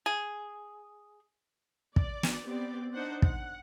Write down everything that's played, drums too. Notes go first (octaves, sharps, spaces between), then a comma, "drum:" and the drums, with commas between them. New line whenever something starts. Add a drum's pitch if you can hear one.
G#4
D5, drum: kick
drum: snare
B3 C4 G4 D5
D4 D#4 C5 F#5
F#5, drum: kick